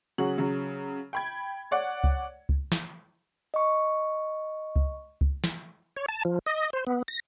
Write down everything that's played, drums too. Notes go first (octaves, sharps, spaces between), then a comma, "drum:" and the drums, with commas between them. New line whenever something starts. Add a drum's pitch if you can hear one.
C#3 F#3 F#4 G#4 F#7
C#3 F#3
G5 B5 G#6
C#5 D5 F#5
drum: kick C#2
drum: kick C#2
drum: snare
D#5 C#6
drum: kick C#2
drum: kick C#2
drum: snare
C#5
A5
F3
D#5
C5
B3
A#6